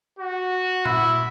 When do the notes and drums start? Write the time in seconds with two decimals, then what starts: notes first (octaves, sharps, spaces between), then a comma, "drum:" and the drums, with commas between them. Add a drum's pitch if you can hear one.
0.19 F#4
0.86 E4, drum: tom A#2